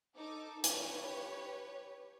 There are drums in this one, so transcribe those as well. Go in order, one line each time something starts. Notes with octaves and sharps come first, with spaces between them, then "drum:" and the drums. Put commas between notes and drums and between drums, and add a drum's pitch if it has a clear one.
D#4 A4 D6
G4 B4 C#5, drum: hi-hat